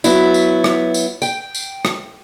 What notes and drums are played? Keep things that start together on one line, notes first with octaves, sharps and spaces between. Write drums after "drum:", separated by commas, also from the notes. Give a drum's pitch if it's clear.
F#3 B3 E4, drum: tambourine
drum: tambourine
drum: rim click
drum: tambourine
G5, drum: tambourine
drum: tambourine
drum: rim click